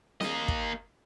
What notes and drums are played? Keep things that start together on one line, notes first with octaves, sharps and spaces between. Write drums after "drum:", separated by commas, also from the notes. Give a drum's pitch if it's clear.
A#3 D#5, drum: snare
drum: kick